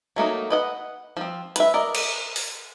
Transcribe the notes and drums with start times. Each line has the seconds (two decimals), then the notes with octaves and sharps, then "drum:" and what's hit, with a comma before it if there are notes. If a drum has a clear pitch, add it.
0.16 F#3 A3 A#3 D#4
0.50 B4 D#5 F#5
1.17 F3 C4
1.56 B4 E5, drum: hi-hat
1.74 A#4 D5 D#5
1.95 drum: cymbal
2.36 drum: open hi-hat